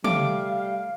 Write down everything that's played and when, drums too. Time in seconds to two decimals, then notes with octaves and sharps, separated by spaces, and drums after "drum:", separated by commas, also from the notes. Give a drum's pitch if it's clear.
0.04 G3 A3 F5 D6, drum: tom